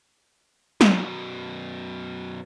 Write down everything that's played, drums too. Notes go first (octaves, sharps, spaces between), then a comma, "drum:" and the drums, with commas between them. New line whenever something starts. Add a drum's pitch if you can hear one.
F#2 B2, drum: snare